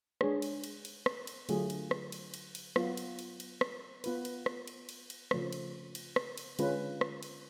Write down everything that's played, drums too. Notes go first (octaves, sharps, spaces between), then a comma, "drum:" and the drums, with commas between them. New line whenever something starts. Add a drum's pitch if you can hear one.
G#3 D4 G#4 C#5, drum: rim click
drum: cymbal
drum: cymbal
drum: cymbal
drum: rim click
drum: cymbal
D3 F#3 A3 F4 G#4, drum: cymbal
drum: cymbal
drum: rim click
drum: cymbal
drum: cymbal
drum: cymbal
F#3 B3 F4, drum: rim click
drum: cymbal
drum: cymbal
drum: cymbal
drum: rim click
B3 F4 B4, drum: cymbal
drum: cymbal
drum: rim click
drum: cymbal
drum: cymbal
drum: cymbal
C#3 F3 A3, drum: rim click
drum: cymbal
drum: cymbal
drum: rim click
drum: cymbal
D3 G#3 C#4 F4 B4, drum: cymbal
drum: rim click
drum: cymbal